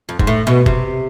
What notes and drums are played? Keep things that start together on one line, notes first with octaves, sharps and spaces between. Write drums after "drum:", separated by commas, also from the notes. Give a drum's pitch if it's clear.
F2
G#2, drum: kick F1
A2
B2
C3, drum: kick F1